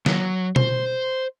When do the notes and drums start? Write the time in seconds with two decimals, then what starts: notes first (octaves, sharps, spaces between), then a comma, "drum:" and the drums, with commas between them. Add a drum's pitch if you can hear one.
0.06 F#3, drum: snare
0.56 C5, drum: tom